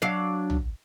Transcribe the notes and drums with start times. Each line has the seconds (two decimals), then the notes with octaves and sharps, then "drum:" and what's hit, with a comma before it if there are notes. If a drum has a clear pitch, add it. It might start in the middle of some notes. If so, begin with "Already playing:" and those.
0.02 F#3 D4 F5
0.50 drum: tom